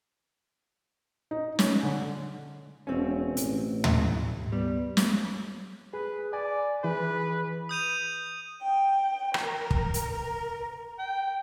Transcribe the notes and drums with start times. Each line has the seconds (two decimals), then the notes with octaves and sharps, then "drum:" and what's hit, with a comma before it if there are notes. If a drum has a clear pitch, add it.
1.31 D#4
1.59 C#4, drum: snare
1.83 D3
2.87 E1 C4 C#4
3.37 A1, drum: hi-hat
3.84 drum: tom
4.52 G3 B3
4.97 drum: snare
5.93 G#4 B4
6.33 D5 G#5
6.84 E3 G#4 B4
7.69 D#6 G6 D#7 F7
8.63 G5
9.34 A#4, drum: rim click
9.71 drum: kick
9.94 drum: hi-hat
10.13 A#4
10.99 G5